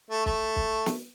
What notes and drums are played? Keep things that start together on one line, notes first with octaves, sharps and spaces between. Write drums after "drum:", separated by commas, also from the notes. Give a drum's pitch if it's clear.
A3
A3, drum: kick
drum: kick
drum: snare